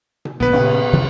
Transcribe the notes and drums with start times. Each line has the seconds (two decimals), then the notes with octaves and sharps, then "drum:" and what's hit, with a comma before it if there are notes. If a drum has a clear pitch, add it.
0.25 drum: tom B2
0.40 A#1 A2 D3 B3 B4
0.53 A#2 C#3 C#4, drum: cymbal
0.92 D2 C3 E3